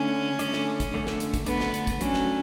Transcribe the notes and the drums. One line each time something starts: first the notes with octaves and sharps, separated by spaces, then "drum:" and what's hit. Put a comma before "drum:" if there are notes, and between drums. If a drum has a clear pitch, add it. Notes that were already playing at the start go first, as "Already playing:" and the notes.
Already playing: D3 A3 C#4 D4
D3 A3 D4, drum: hi-hat
drum: snare
drum: kick, hi-hat
D3 A3 D4
drum: snare
drum: hi-hat
drum: kick, hi-hat
D3 A3 B3 D4, drum: hi-hat
drum: snare
drum: hi-hat
drum: kick, hi-hat
F#3 A3 C#4 D4, drum: hi-hat
drum: snare